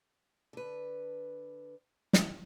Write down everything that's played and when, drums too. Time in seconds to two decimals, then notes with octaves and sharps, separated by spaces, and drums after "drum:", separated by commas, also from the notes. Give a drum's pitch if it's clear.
0.53 D3 B4
2.13 drum: snare